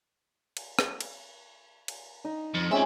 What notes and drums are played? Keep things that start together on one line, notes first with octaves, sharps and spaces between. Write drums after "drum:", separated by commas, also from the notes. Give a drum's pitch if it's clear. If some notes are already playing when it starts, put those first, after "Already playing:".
drum: cymbal
drum: rim click
drum: cymbal
drum: cymbal
D#4
F2
G#3 C4 C#4 F4 E5